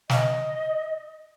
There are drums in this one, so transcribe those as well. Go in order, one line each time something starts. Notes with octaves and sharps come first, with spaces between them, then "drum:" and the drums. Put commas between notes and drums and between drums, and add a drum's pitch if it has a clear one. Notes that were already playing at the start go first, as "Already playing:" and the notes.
D#5, drum: snare